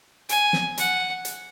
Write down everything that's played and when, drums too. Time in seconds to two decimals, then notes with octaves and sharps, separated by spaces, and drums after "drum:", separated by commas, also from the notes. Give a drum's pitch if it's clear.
0.29 G#5, drum: hi-hat
0.53 drum: snare
0.78 F#5, drum: hi-hat
1.25 drum: hi-hat